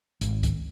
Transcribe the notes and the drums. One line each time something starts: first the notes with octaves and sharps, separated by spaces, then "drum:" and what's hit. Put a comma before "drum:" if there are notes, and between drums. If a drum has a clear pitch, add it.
G#1, drum: hi-hat
drum: kick, hi-hat